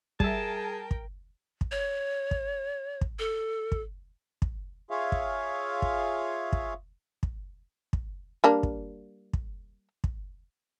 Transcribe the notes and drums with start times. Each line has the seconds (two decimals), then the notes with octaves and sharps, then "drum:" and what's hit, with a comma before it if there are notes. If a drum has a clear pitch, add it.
0.20 G3 G#4 A#4 E5 G5 A5, drum: kick
0.91 drum: kick
1.61 drum: kick
1.72 C#5
2.31 drum: kick
3.01 drum: kick
3.19 A4
3.72 drum: kick
4.42 drum: kick
4.90 F4 G#4 C#5 E5 F5
5.12 drum: kick
5.82 drum: kick
6.53 drum: kick
7.23 drum: kick
7.93 drum: kick
8.44 G3 A#3 D4
8.63 drum: kick
9.33 drum: kick
10.04 drum: kick